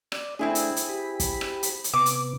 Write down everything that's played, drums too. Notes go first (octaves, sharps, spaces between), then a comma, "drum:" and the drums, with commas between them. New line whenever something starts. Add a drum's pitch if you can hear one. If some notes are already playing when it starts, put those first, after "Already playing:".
D5, drum: rim click
A3 C4 D4 E4 G#4
drum: hi-hat
drum: hi-hat
G4 B5
drum: kick, hi-hat
drum: rim click
drum: hi-hat
drum: hi-hat
C3 B3 D6
drum: hi-hat